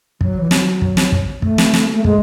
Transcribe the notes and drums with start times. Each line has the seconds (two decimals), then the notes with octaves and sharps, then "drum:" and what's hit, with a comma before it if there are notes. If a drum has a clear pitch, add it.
0.21 F#3, drum: kick
0.40 E3
0.51 F#3, drum: snare
0.82 drum: kick
0.97 drum: snare
1.12 drum: kick
1.42 A3, drum: kick
1.58 drum: snare
1.74 drum: snare
1.94 A3
2.04 G#3, drum: kick